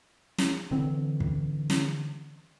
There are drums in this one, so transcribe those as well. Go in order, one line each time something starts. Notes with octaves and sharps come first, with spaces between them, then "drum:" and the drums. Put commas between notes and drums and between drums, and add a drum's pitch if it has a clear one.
drum: snare
D3 E3 C4
drum: kick
drum: snare